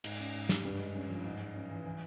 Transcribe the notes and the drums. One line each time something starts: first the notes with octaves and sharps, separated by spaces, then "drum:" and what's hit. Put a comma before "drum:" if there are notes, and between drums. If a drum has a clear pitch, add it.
G#2, drum: cymbal
C#4
G#2
G3, drum: snare
G2
G#3
C#4
F3
G#2
G#3
C#4
E3
E3